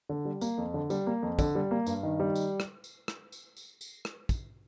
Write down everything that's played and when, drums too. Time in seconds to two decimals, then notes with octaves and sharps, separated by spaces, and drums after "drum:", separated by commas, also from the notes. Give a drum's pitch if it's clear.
0.09 D3
0.25 G3
0.41 A#3, drum: tambourine
0.58 F2
0.74 D3
0.90 G3, drum: tambourine
1.07 A#3
1.23 F2
1.39 D3, drum: kick, tambourine
1.55 G3
1.71 A#3
1.86 G2, drum: tambourine
2.03 D#3
2.20 G3
2.35 drum: tambourine
2.60 drum: rim click
2.84 drum: tambourine
3.08 drum: rim click
3.32 drum: tambourine
3.57 drum: tambourine
3.81 drum: tambourine
4.05 drum: rim click
4.29 drum: kick, tambourine